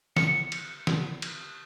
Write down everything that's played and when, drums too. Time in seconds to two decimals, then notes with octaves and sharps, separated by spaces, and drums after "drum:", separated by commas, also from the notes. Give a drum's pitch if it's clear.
0.16 C#7, drum: snare
0.52 drum: cymbal
0.87 drum: snare
1.22 drum: cymbal